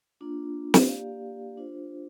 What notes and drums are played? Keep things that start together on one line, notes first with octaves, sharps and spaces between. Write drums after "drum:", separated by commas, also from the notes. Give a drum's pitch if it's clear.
A#3 D4 F4
drum: snare
A#3 G4 D5 F5
D4 F4 C5